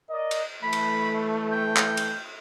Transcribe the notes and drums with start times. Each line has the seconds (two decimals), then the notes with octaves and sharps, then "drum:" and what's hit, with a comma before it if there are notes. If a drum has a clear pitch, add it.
0.10 A#4 D5 D#5
0.31 drum: cymbal
0.63 E3 A3 B5
0.73 drum: cymbal
1.52 G5
1.76 drum: clap
1.97 drum: cymbal